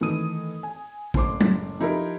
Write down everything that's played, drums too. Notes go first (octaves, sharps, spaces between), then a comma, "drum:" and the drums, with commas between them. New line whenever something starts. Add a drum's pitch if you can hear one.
D#3 E3 A3 A4 D#6 D#7
G#5
F#1 A2 C5 C6 D6, drum: kick
drum: tom F#3
F3 D#4 E4 G4 A4 A#4